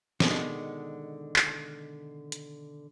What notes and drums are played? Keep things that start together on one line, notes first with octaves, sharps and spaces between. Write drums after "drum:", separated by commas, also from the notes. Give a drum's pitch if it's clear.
B2 D3 D#3 G#3, drum: snare
drum: clap
drum: hi-hat